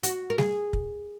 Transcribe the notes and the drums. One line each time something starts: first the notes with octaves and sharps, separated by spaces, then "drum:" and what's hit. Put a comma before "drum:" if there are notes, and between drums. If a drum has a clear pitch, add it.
F#4, drum: hi-hat
A#4
G#4, drum: snare G3
drum: kick